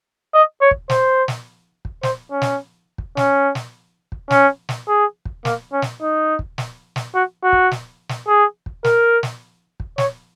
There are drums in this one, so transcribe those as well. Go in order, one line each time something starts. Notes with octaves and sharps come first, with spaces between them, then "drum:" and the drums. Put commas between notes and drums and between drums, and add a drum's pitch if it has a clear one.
D#5
C#5
drum: kick
C5, drum: snare
drum: snare
drum: kick
C5, drum: snare
C#4
drum: snare
drum: kick
C#4, drum: snare
drum: snare
drum: kick
C#4, drum: snare
drum: snare
G#4
drum: kick
A#3, drum: snare
C#4
drum: snare
D#4
drum: kick
drum: snare
drum: snare
F#4
F#4
drum: kick
drum: snare
drum: snare
G#4
drum: kick
A#4, drum: snare
drum: snare
drum: kick
C#5, drum: snare